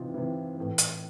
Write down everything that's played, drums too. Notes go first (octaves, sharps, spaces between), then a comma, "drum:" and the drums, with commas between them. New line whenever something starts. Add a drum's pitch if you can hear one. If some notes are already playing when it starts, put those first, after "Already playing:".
Already playing: C3 E3 D#4 F4
C3 E3 E4
A2 E3
drum: hi-hat